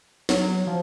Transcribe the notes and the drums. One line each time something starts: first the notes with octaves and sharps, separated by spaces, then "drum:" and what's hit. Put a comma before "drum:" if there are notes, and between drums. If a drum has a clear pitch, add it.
F#3, drum: snare
F3